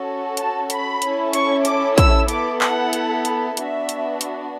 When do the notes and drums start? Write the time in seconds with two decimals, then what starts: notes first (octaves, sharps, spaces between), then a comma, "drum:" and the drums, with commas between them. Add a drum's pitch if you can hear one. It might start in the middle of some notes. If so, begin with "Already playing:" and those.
Already playing: C#4 F#4 A4
0.37 A5, drum: hi-hat
0.70 B5, drum: hi-hat
1.02 C#4 E4 A4, drum: hi-hat
1.33 C#6, drum: hi-hat
1.65 D6, drum: hi-hat
1.98 E6, drum: kick, hi-hat
2.28 B3 E4 A4 D6, drum: hi-hat
2.61 F#5, drum: clap
2.93 drum: hi-hat
3.25 drum: hi-hat
3.57 B3 D4 F#4 E5, drum: hi-hat
3.89 drum: hi-hat
4.21 drum: hi-hat